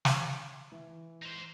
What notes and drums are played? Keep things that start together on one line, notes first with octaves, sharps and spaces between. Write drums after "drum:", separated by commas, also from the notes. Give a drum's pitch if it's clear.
D6 G#6, drum: snare
E3
D#4 C5